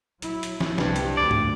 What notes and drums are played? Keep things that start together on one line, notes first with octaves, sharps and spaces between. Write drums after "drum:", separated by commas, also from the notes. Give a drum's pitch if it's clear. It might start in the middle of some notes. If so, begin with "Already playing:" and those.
F#3 E4, drum: hi-hat
drum: hi-hat
drum: snare
C2 G2 C3, drum: snare
drum: hi-hat
D2 D5
drum: tom G2